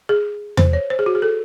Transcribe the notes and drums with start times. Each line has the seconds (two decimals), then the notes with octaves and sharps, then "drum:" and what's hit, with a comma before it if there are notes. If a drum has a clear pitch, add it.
0.09 G#4
0.57 C5, drum: tom E2
0.73 C#5
0.90 C5
0.99 G#4
1.06 F#4
1.15 G#4
1.22 A4